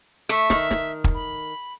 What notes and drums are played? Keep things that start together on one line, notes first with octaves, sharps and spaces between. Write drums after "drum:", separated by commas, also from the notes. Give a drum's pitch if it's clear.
A3 E5, drum: rim click
D#3, drum: snare
drum: snare
drum: kick
B5